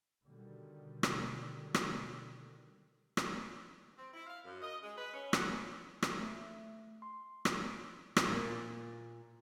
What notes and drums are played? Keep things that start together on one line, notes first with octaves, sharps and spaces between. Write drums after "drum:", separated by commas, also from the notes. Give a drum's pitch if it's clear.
B2 D3 D#3 F#3 G3
drum: rim click
drum: rim click
drum: rim click
C4
E4
F5
F#2
D#5
G#3
B4
C#4
F#5, drum: rim click
drum: rim click
A3
C6
D7, drum: rim click
drum: rim click
A#2